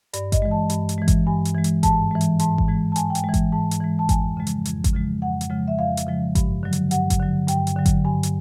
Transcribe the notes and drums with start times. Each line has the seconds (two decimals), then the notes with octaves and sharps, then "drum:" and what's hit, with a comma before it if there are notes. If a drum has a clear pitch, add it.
0.13 G2 D5, drum: hi-hat
0.32 D#5, drum: kick G#1, hi-hat
0.42 E3 G#3
0.51 A5
0.70 G2, drum: hi-hat
0.89 drum: hi-hat
0.98 E3 G#3
1.08 drum: kick G#1, hi-hat
1.27 G2 G#5
1.45 drum: hi-hat
1.55 E3 G#3
1.64 drum: hi-hat
1.83 G#2 A5, drum: kick G#1, hi-hat
2.11 E3 G#3
2.21 drum: hi-hat
2.39 G#2 A5, drum: hi-hat
2.58 drum: kick G#1
2.68 E3 G#3
2.92 A5
2.96 G#2 G#5, drum: hi-hat
3.10 G5
3.15 G#5, drum: hi-hat
3.24 E3 G#3
3.34 drum: kick G#1, hi-hat
3.52 G#2 A5
3.71 drum: hi-hat
3.80 E3 G#3
3.99 A5
4.09 F2 G#5, drum: kick G#1, hi-hat
4.37 C#3 F3 G#3
4.47 drum: hi-hat
4.65 F2, drum: hi-hat
4.84 drum: kick G#1, hi-hat
4.93 C#3 F3 G#3
5.22 F2 F#5
5.41 drum: hi-hat
5.50 C#3 F3 G#3
5.68 E5
5.78 F2 F5
5.97 drum: hi-hat
6.07 C#3 F3 G#3
6.35 G2, drum: kick G#1, hi-hat
6.63 D3 F#3
6.73 drum: hi-hat
6.91 G2 F#5, drum: hi-hat
7.10 drum: kick G#1, hi-hat
7.19 D3 F#3
7.48 G2 G5, drum: hi-hat
7.67 drum: hi-hat
7.76 D3 F#3
7.86 drum: kick G#1, hi-hat
8.05 G2 G#5
8.23 drum: hi-hat